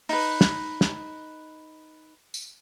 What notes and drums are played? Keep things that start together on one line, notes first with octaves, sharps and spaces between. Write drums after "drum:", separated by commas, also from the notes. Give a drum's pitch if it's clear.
D#4 B4, drum: open hi-hat
drum: snare
drum: snare
drum: tambourine